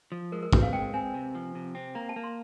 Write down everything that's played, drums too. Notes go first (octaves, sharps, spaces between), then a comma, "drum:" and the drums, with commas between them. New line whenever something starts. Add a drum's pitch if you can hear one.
F3
G#3 A#4
A#4
C4 B4, drum: kick A1
F5
G#3 G5
C4 G#5
C3
F3
C3
C4
A#3 A#5
A5
A#3
C6